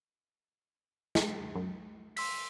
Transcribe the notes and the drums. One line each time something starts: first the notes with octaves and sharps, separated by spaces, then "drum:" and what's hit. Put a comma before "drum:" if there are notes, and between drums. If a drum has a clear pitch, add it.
drum: snare
F#2
C6 E6 B6, drum: open hi-hat